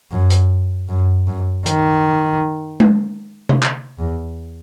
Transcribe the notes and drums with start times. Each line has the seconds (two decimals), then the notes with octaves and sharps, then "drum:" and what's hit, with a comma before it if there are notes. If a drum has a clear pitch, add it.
0.12 F#2
0.30 drum: hi-hat
0.89 F#2
1.27 F#2
1.66 D#3, drum: hi-hat
2.80 drum: tom G#3
3.49 drum: tom C3
3.63 drum: clap
3.99 E2